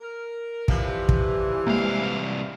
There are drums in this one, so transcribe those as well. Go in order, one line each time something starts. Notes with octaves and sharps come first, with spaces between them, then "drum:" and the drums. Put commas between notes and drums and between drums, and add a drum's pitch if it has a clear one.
A#4
C3 E3 F3 G3, drum: kick
drum: kick
C2 G#3 A#3 F5